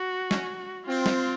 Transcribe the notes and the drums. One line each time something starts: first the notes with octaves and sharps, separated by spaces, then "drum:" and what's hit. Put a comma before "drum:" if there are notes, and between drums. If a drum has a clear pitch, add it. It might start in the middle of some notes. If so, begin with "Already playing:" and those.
Already playing: F#4
C#4, drum: snare
C4 F4
drum: snare